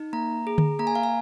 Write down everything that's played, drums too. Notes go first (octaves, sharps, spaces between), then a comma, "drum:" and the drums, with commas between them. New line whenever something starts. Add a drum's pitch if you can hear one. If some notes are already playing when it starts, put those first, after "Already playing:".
Already playing: D#4
A#3 A#5
G#4
drum: tom D3
A#3 A#5
G#5
F5
G#5